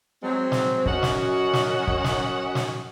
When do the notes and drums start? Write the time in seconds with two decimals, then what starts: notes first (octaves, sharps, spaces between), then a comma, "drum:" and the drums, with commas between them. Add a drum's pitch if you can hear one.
0.23 F#3 G#3 C4
0.52 drum: snare
0.86 F#2 C#4 F#4 D#5 F#5, drum: kick
1.03 drum: snare
1.53 drum: snare
1.87 drum: kick
2.04 drum: snare
2.55 drum: snare